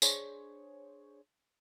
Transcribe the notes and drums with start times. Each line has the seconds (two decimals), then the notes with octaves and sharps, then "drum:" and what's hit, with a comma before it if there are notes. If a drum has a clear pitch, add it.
0.02 D4 G#4 C5 C#5, drum: tambourine